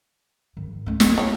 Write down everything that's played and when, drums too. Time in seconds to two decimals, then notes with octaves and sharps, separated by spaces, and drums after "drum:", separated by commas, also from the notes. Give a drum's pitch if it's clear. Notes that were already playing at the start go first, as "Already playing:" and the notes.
0.57 G#2 D#3
0.86 A3 C#4
1.00 A#3, drum: snare
1.18 E3 F4 C#5